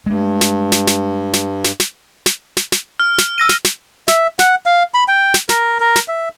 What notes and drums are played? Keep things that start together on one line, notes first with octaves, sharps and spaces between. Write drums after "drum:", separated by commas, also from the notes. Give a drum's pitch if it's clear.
G2 G#3 A3
drum: snare
drum: snare
drum: snare
drum: snare
drum: snare
drum: snare
drum: snare
drum: snare
drum: snare
F6
drum: snare
E6 A#6 D#7
drum: snare
drum: snare
E5, drum: snare
F#5, drum: snare
F5
B5
G5
drum: snare
A#4, drum: snare
A#4
drum: snare
E5